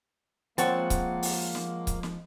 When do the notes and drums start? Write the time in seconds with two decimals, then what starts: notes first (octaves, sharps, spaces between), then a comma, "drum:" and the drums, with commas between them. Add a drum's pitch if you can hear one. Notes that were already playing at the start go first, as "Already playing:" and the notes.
0.58 F3 G#3 A#3 C4 C#5 F#5 A5, drum: hi-hat
0.90 drum: kick C#1, hi-hat
1.23 drum: open hi-hat
1.55 drum: snare
1.87 drum: kick C#1, hi-hat
2.03 drum: snare